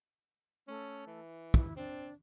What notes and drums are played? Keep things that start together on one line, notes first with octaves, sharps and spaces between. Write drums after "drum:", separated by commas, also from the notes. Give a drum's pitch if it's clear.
A3 C#4
E3
E4, drum: kick
C4 D4